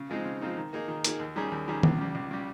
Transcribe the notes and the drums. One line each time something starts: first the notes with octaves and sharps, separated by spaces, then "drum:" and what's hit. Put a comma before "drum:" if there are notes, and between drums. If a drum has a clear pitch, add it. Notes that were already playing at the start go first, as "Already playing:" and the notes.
Already playing: C#3
F3 G#3 C4 D#4
C#3
F3 G#3 C4 D#4
D#3
A#3 D#4 G#4
D#3
A#3 D#4 G#4, drum: hi-hat
D#2
D#3 G3 C#4 G#4
D#2
D#3 G3 C#4 G#4
C#2, drum: tom
C#3 G3
C#2
C#3 G3